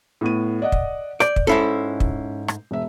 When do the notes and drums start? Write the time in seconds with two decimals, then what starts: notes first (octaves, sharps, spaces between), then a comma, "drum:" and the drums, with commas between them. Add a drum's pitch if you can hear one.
0.21 A2 B3 D#7
0.62 D5 D#5 F#5
0.72 drum: kick
1.20 D5 G6, drum: rim click
1.36 drum: kick
1.47 G#2 C#4 E4 A4 C7
2.00 drum: kick
2.48 drum: rim click
2.71 E1 E5